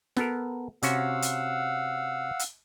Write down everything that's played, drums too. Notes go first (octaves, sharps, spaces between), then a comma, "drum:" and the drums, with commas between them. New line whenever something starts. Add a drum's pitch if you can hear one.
B3 A4 A#4, drum: snare
C3 C#4 F#4 F5 F#5 E6, drum: hi-hat
drum: hi-hat
drum: hi-hat